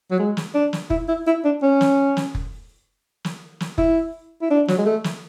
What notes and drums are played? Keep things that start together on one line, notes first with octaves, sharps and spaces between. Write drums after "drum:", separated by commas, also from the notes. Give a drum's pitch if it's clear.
F#3
G#3
drum: snare
D4
drum: snare
E4, drum: kick F1
E4
E4
D4
C#4
drum: snare
drum: snare
drum: kick F1
drum: snare
drum: snare
E4, drum: kick F1
E4
D4
F#3, drum: snare
G#3
A3
drum: snare